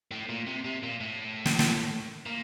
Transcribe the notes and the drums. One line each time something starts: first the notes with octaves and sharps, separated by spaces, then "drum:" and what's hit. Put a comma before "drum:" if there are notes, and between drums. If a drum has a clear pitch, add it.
A2
A#2
C3
C3
A#2
A2
drum: snare
drum: snare
A#2